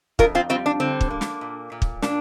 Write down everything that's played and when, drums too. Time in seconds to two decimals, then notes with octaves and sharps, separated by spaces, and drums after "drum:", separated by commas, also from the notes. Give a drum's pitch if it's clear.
0.19 F2 F4 A#4, drum: kick
0.35 C4 F4
0.49 G3 C4 F4
0.66 D4
0.80 D3 C4
1.01 drum: kick
1.10 A#3
1.21 drum: snare
1.41 A#2
1.72 A#2
1.82 drum: kick
2.02 A#3 D4, drum: snare